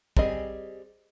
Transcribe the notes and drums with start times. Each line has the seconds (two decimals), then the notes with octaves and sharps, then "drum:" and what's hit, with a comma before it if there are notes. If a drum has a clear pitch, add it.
0.17 G3 C4 G#4 D#5, drum: kick